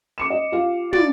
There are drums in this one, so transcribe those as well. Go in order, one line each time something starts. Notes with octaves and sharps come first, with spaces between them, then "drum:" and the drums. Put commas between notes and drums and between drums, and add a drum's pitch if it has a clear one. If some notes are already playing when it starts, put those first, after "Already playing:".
D6 C#7 E7
D#5
F4 G4 F5
D5, drum: tom